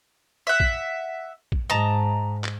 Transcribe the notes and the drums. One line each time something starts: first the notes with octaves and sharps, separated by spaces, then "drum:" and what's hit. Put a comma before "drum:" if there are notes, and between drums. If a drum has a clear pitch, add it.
E5 F#5
drum: kick
drum: kick
G#2 D#5 A5 A#5
drum: clap